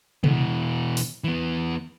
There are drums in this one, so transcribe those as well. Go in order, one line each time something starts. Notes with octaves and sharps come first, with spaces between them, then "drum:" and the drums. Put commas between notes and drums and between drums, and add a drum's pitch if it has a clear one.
B2 E3, drum: tom C3
drum: open hi-hat
E3 B3